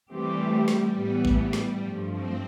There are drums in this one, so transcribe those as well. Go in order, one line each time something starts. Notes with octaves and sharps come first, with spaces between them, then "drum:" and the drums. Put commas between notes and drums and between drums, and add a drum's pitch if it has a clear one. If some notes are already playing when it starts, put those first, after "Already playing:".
E3 G3 A3 C4 G4
drum: snare
A2 E3 B3
drum: kick A1
drum: snare
G2 F3 A3
C4